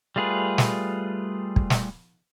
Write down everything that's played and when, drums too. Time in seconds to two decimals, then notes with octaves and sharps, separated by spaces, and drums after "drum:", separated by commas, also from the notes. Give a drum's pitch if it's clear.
0.16 G3 A3 F4 G#4 B4
0.58 drum: snare
1.56 drum: kick
1.70 drum: snare